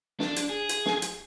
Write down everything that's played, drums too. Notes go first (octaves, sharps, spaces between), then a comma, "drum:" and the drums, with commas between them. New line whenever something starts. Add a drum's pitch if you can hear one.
D4, drum: snare
drum: hi-hat
G#4
drum: hi-hat
drum: snare
drum: hi-hat